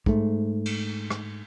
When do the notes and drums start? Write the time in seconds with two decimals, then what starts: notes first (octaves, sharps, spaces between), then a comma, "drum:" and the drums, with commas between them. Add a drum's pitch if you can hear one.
0.06 G#2 A3, drum: kick
0.66 drum: cymbal
1.10 drum: rim click